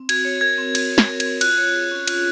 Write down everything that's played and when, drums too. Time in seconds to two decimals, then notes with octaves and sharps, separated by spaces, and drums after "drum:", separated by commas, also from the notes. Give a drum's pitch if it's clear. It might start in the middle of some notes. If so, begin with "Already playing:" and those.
Already playing: C4
0.09 F#4 G#6, drum: cymbal
0.25 C#5
0.41 A#4 G#6
0.58 C4
0.75 F#4 G#6, drum: cymbal
0.92 C#5
0.98 G#6, drum: snare
1.09 A#4
1.20 G#6, drum: cymbal
1.25 C4
1.41 F4 F#6, drum: cymbal
1.58 C#5
1.74 G#4
1.91 C#4
2.07 F4, drum: cymbal